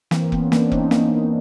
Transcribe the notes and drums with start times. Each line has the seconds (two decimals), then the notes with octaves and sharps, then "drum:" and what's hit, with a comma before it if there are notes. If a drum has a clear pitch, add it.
0.11 E3 A#3 C4, drum: snare
0.32 B3 C#4, drum: kick F1
0.52 A#3 C4 D4, drum: snare
0.72 C#4 D#4, drum: kick F1
0.91 A#3 C#4 D#4, drum: snare